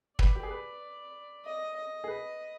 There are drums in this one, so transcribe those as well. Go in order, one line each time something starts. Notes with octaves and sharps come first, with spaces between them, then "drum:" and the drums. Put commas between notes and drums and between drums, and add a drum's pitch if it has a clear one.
B4 D5, drum: kick
G4
G#4
B4
D#5
D#5
G#4
B4